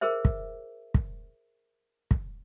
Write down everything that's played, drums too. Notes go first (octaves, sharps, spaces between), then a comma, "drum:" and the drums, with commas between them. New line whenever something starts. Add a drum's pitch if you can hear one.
G#4 A#4 C5 E5
drum: kick
drum: kick
drum: kick